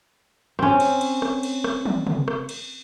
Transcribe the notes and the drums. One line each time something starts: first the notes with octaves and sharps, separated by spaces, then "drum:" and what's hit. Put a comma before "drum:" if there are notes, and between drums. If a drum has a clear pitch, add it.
C4 C#4, drum: rim click
drum: cymbal
drum: cymbal
drum: rim click
drum: cymbal
drum: rim click
drum: tom
drum: tom
drum: rim click
drum: cymbal